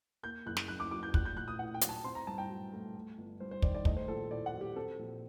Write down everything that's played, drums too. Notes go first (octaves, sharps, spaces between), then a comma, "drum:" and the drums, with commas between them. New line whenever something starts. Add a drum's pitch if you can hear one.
A#3 G6
F#1 F#6
drum: snare
F#2 F#6
D6
F#3 D6
G6
A#1 F#6, drum: kick
G6
A#1 F#6
D#6
A2 F#5
G5
F#3, drum: hi-hat
A5
C4 C6
A#5
G2 A5
G5
F#3
A3
A3
G1
G2 C5
C5
D#3 D5, drum: kick
D5
A3 D#5, drum: kick
C5
A#1 A4
A2 D5
F#5
F#3
G4
C4 A4
A#1